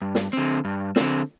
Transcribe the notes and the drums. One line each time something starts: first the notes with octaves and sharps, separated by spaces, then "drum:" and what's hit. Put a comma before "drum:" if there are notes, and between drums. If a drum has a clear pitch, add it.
G2
drum: snare
D3 C4
G2
D3 C4, drum: snare